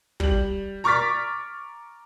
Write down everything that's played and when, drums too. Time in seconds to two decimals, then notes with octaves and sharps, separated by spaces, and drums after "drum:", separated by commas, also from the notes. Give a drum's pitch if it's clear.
0.20 G3 F#7, drum: kick
0.84 A#5 C#6 D6 F6 A6 B6